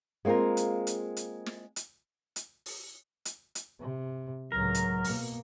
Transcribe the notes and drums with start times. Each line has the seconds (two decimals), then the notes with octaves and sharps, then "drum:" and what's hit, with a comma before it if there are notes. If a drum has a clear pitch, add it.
0.25 G#3 A#3 C4 F4 A#4
0.57 drum: hi-hat
0.87 drum: hi-hat
1.17 drum: hi-hat
1.46 drum: snare
1.76 drum: hi-hat
2.36 drum: hi-hat
2.66 drum: open hi-hat
3.25 drum: hi-hat
3.55 drum: hi-hat
3.79 C3
4.52 C#2 A2 F#3 A#4
4.75 drum: hi-hat
5.04 B2 A#3, drum: open hi-hat